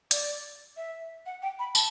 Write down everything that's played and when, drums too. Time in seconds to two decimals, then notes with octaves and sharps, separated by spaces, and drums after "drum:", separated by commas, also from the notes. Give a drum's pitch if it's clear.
0.11 D5, drum: hi-hat
0.77 E5
1.26 F#5
1.42 G5
1.59 B5
1.75 A5, drum: tambourine